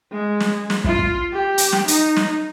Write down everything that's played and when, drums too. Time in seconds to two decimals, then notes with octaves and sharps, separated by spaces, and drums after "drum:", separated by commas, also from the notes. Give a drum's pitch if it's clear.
0.12 G#3
0.40 drum: snare
0.70 drum: snare
0.84 F4, drum: kick
0.99 drum: kick
1.33 G4
1.58 drum: hi-hat
1.72 drum: snare
1.88 D#4, drum: hi-hat
2.16 drum: snare